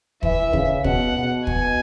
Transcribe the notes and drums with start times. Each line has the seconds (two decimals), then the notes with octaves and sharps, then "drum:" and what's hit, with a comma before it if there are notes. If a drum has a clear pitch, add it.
0.23 E3 E5, drum: kick
0.53 C#3, drum: kick
0.84 B2 F#5, drum: kick
1.17 B2
1.47 G#5, drum: kick